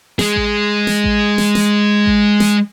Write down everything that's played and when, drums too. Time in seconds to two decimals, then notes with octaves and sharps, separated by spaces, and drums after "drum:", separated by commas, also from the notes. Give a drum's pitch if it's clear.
0.19 G#3 G#4, drum: snare
0.36 drum: kick A1
0.87 drum: snare
1.04 drum: kick A1
1.38 drum: snare
1.55 drum: snare
2.06 drum: kick A1
2.40 drum: snare